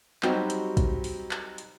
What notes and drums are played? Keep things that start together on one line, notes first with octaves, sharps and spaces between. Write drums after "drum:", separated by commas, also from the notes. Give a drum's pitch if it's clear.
F#3 G3 C4 D#4 F#4 G4, drum: clap
drum: hi-hat
drum: kick, hi-hat
drum: open hi-hat
drum: clap
drum: hi-hat